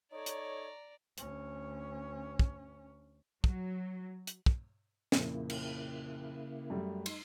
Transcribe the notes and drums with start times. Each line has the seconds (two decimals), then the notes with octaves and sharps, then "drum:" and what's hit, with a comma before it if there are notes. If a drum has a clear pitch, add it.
0.12 D#4 A4 C#5 D5 A#5
0.26 drum: hi-hat
1.18 D2 C#4, drum: hi-hat
2.39 drum: kick
3.44 F#3, drum: kick
4.27 drum: hi-hat
4.46 drum: kick
5.12 F2 A#2 C#3 A#3 E4, drum: snare
5.50 drum: cymbal
6.70 F#2 G3 A3
7.06 D#4 C6, drum: cymbal